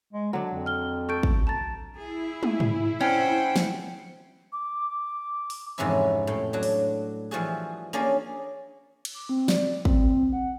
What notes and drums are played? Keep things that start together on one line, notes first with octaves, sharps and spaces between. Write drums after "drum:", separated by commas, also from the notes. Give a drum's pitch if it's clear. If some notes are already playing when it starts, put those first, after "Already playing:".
G#3
D3 F#3 D4
F2
F6 G7
A4 C#6 G6 D7
drum: kick
A5 A#5 A6
E4 G#4
drum: tom
drum: tom G#2
C#4 C5 F#5 G5
drum: snare
D6
drum: open hi-hat
F2 G#2 C3 E3 C#4 E4
A2 G5
F#3 D4
drum: open hi-hat
E3 F3 G3 F#4 G#4
A#3 C#4 D4 G#4 D5
drum: cymbal
D6
C4
D5, drum: snare
C4, drum: kick
F#5